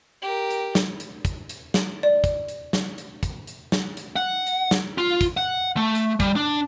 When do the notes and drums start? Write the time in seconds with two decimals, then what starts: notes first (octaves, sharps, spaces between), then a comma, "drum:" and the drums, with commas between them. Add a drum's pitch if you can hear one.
0.22 G4 A#4
0.50 drum: hi-hat
0.75 drum: snare
1.00 drum: hi-hat
1.25 drum: kick, hi-hat
1.49 drum: hi-hat
1.74 drum: snare
2.03 D5
2.24 drum: kick, hi-hat
2.48 drum: hi-hat
2.73 drum: snare
2.98 drum: hi-hat
3.23 drum: kick, hi-hat
3.47 drum: hi-hat
3.72 drum: snare
3.97 drum: hi-hat
4.16 F#5
4.46 drum: hi-hat
4.71 drum: snare
4.98 F4
5.21 drum: kick, hi-hat
5.37 F#5
5.77 A3
5.95 drum: hi-hat
6.20 G3, drum: kick, hi-hat
6.36 D4